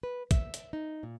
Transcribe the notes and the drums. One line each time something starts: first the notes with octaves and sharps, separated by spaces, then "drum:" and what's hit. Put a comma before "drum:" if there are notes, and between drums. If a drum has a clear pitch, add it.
B4
E5, drum: kick, hi-hat
drum: hi-hat
D#4
A#2